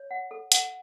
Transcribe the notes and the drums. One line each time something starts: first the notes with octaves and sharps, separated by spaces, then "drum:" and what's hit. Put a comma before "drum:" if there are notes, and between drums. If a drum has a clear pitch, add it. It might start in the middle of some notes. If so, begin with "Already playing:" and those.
Already playing: C#5
F#5
A4
F#5, drum: hi-hat